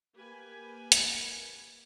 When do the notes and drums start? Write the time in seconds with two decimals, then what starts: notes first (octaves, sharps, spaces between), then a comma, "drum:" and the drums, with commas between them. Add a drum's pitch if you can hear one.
0.15 A#3 G4 B4 G#5
0.92 drum: hi-hat